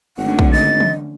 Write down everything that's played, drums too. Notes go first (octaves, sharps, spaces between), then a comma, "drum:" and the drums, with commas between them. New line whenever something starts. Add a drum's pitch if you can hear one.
G#1 D3 A3 C#4 F#5
drum: kick
D#5 A6
drum: tom